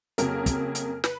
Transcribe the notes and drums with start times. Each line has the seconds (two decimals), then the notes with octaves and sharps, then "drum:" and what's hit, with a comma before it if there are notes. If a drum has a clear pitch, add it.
0.18 F2 C#3 F#3 A#3 A#4, drum: hi-hat
0.46 drum: kick, hi-hat
0.75 drum: hi-hat
1.04 B4, drum: snare